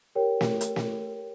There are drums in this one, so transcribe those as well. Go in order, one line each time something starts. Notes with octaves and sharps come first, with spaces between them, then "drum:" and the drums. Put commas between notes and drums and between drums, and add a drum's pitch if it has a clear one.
G4 A#4 C#5 G5
drum: snare
drum: hi-hat
drum: snare